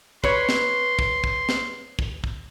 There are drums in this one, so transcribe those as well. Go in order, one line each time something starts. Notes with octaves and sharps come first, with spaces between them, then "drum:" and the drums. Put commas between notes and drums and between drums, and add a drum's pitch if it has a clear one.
B4 C#5 C6, drum: kick
drum: snare
drum: kick
drum: kick
drum: snare
drum: kick
drum: kick